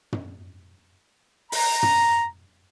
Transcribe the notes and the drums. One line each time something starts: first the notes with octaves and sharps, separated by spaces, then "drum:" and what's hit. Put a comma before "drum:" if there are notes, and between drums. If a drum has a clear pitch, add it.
drum: tom
A#5, drum: open hi-hat
drum: tom